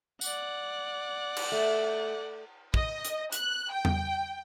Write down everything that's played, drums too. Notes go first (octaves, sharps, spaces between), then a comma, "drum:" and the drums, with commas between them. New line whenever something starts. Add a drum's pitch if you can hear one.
D5 F#5, drum: tambourine
drum: cymbal
A3
D#5, drum: kick
drum: hi-hat
F#6, drum: hi-hat
G5
drum: tom E2